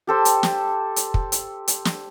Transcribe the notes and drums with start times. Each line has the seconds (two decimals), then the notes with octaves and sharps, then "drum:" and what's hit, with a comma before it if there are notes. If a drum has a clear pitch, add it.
0.07 G4 A4 C5
0.25 drum: hi-hat
0.43 drum: snare
0.96 drum: hi-hat
1.14 drum: kick
1.32 drum: hi-hat
1.68 drum: hi-hat
1.85 drum: snare